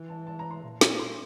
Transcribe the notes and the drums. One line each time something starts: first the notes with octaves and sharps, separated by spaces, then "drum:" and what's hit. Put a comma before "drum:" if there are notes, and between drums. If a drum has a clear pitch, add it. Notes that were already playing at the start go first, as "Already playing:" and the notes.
Already playing: E3
A5
A5
A#5
C6
A#2
drum: snare
C6